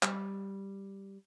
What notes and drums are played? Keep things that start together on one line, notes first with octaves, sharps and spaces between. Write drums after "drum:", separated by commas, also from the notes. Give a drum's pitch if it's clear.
G3, drum: clap